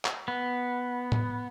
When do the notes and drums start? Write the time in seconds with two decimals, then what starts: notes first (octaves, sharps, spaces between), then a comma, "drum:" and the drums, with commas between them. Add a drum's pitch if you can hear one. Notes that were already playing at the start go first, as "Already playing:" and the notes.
0.05 drum: clap
0.28 B3
1.12 drum: tom A2